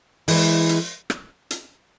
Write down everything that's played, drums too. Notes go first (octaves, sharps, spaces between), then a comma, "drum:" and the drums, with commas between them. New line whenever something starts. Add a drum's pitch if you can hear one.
E3 G#3, drum: open hi-hat
drum: hi-hat
drum: rim click
drum: hi-hat